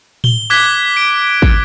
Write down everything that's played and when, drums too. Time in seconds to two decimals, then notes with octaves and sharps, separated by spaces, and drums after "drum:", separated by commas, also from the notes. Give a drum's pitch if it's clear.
0.24 G7, drum: tom A2
0.50 D6 F#6 G#6 B6 G7
0.97 D7
1.42 drum: kick